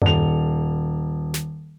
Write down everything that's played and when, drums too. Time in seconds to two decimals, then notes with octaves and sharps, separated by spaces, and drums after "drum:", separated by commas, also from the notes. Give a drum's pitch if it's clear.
0.02 D#1 F7, drum: tom F#2
1.34 drum: snare